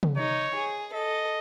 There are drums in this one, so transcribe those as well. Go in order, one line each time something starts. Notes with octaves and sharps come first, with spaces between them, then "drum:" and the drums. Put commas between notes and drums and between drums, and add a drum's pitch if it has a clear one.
drum: tom
D#4 C#5
G#4
A4 D#5